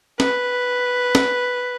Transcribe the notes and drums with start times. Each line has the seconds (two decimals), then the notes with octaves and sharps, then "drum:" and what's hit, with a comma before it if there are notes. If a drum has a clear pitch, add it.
0.20 B4, drum: snare
1.15 drum: snare